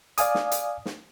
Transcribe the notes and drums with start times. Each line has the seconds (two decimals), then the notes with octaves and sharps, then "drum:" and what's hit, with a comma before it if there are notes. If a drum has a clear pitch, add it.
0.18 D5 F5 G#5 D#6, drum: hi-hat
0.35 drum: snare
0.52 drum: hi-hat
0.86 drum: snare